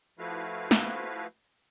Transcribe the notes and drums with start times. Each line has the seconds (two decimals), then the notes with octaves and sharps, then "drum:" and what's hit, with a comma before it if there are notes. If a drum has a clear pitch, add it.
0.19 F3 A3 E4 F#4 B4 F5
0.71 drum: snare